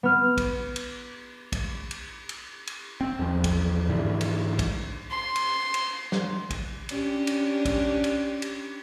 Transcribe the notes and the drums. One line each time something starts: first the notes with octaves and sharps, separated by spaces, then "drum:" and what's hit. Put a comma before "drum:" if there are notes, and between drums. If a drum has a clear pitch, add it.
B3 F6
drum: kick, cymbal
drum: cymbal
drum: kick, cymbal
drum: cymbal
drum: cymbal
drum: cymbal
C4
E2 F3
drum: kick, cymbal
G#2 D3 E3
drum: cymbal
drum: kick, cymbal
C6
drum: cymbal
drum: cymbal
drum: snare
drum: kick, cymbal
C#4 D4 G4, drum: cymbal
drum: cymbal
drum: kick, cymbal
drum: cymbal
drum: cymbal